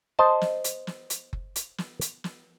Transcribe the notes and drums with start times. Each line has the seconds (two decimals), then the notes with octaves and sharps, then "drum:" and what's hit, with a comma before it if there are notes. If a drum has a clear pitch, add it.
0.19 C5 D#5 A5
0.41 drum: snare
0.64 drum: hi-hat
0.87 drum: snare
1.10 drum: hi-hat
1.33 drum: kick F#1
1.56 drum: hi-hat
1.78 drum: snare
2.01 drum: hi-hat
2.24 drum: snare